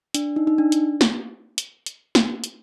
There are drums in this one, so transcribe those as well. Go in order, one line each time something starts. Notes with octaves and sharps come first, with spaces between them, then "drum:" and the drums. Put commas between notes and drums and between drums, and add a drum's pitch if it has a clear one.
D4, drum: hi-hat
D#4
D#4
D4
drum: hi-hat
drum: snare
drum: hi-hat
drum: hi-hat
drum: snare
drum: hi-hat